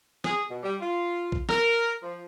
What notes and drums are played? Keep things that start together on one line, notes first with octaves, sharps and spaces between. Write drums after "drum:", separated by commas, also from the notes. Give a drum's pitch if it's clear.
G#4, drum: snare
B2
G3
F4
drum: kick A#1
A#4, drum: snare
F3